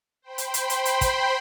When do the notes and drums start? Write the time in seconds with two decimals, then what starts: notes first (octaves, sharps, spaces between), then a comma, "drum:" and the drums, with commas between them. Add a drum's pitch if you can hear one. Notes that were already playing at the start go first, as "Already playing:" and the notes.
0.22 C5 G5 B5 C6
0.38 drum: hi-hat
0.54 drum: hi-hat
0.70 drum: hi-hat
0.85 drum: hi-hat
1.01 drum: kick, hi-hat